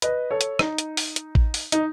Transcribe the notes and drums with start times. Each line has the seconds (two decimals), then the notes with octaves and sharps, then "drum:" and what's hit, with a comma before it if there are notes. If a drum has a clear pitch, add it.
0.02 B4 D#5, drum: hi-hat
0.31 A4 C#5
0.41 drum: hi-hat
0.59 D#4, drum: rim click
0.78 drum: hi-hat
0.97 drum: open hi-hat
1.16 drum: hi-hat
1.35 drum: kick A1
1.54 drum: open hi-hat
1.72 D#4, drum: hi-hat